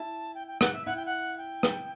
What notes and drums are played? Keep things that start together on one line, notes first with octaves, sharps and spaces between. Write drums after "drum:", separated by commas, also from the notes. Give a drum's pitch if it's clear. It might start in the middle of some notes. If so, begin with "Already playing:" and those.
Already playing: E4 A5
G5
G5
F#5, drum: rim click
E5
E4 F#5
G5
F#5
G5
drum: rim click